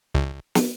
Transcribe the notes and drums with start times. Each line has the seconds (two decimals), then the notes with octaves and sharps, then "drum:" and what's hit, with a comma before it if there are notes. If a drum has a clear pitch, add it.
0.14 C#2
0.55 drum: snare